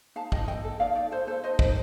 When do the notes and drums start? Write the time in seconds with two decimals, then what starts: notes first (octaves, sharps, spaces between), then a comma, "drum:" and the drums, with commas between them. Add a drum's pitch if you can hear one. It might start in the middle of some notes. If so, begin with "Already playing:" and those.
0.16 D#4 F5 A5
0.32 D#4 D#5 G5, drum: kick
0.48 A4 D#5 G5
0.64 A4
0.80 D#4 D5 F5
0.95 D#4 D5
1.11 A4 C5
1.27 A4 C5
1.44 D#4 C5 D#5
1.59 D#4 C5 D#5, drum: kick